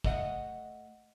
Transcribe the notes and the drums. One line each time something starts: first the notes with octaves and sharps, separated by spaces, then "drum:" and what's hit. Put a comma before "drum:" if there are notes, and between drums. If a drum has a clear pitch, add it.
A3 D#5 F#5, drum: kick